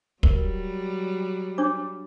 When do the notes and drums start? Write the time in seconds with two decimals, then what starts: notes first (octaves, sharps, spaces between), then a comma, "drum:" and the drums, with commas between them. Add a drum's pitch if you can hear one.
0.23 F#3 G3 A#4, drum: kick
1.58 D4 C#5 D6